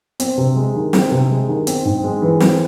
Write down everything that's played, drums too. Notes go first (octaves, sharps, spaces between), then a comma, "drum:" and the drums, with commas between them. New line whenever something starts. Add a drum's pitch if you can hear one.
C4, drum: hi-hat
C3
G#3
D#3
C4, drum: snare
C3
G#3
D#3
C4, drum: hi-hat
G#2
G#3
E3
C4, drum: snare